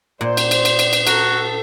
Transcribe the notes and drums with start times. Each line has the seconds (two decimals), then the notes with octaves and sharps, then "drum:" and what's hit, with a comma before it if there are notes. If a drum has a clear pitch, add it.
0.21 A#2 C5 D5
0.37 drum: cymbal
0.51 drum: cymbal
0.65 drum: cymbal
0.79 drum: cymbal
0.93 drum: cymbal
1.07 F#4 A4 A#4, drum: cymbal